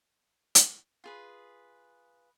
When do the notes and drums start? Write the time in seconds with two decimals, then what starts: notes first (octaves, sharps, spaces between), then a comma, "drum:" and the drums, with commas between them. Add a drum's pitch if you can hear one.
0.55 drum: hi-hat
1.04 F4 G#4 B4